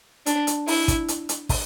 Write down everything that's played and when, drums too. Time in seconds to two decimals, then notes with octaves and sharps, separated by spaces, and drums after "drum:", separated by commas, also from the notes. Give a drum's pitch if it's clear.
0.26 D4, drum: hi-hat
0.47 drum: hi-hat
0.68 E4, drum: open hi-hat
0.88 drum: kick, hi-hat
1.08 drum: hi-hat
1.29 drum: hi-hat
1.49 drum: kick, open hi-hat